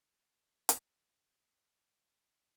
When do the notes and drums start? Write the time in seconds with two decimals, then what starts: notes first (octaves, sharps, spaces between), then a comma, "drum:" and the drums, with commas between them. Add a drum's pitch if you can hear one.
0.19 F3
0.69 drum: hi-hat
1.94 F#3 G4